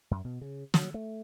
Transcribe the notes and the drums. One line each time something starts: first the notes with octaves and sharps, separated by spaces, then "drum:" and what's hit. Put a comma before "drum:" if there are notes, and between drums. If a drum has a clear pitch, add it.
F#2
B2
C#3
F#3, drum: snare
A3